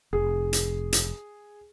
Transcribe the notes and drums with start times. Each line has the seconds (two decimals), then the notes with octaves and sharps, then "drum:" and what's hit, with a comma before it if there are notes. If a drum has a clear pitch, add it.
0.13 F1 G#4
0.53 drum: hi-hat
0.93 drum: hi-hat